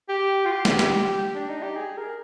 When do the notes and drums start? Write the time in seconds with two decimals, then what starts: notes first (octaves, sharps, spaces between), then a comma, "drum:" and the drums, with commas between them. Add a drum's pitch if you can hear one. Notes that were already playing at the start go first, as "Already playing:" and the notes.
0.09 G4
0.45 F4
0.51 G4
0.65 drum: snare
0.79 drum: snare
1.34 D4
1.49 D#4
1.62 G4
1.76 G#4
1.97 A#4